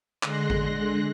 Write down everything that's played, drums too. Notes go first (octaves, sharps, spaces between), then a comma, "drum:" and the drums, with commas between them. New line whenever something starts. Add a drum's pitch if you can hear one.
D3 G#3 C6 F#6 A#6, drum: clap
drum: kick G#1